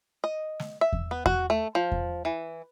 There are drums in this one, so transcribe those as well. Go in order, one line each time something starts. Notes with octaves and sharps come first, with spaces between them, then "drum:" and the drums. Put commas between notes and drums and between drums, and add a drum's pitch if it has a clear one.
D#5
drum: snare
E5
drum: kick E2
B3
F#4, drum: kick E2
A3
F3
drum: kick E2
E3